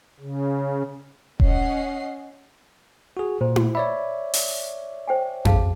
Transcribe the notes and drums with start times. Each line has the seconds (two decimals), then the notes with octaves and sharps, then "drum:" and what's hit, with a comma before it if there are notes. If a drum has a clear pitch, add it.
0.20 C#3
1.40 C#4 D#5 F#5 C7, drum: kick E1
3.17 F#4 G#4
3.41 A#2 C5
3.56 drum: tom E4
3.75 C#5 D5 E5 B5
4.34 drum: open hi-hat
5.08 C5 G5 G#5
5.45 G#1 G#4 F5 A5, drum: tom F2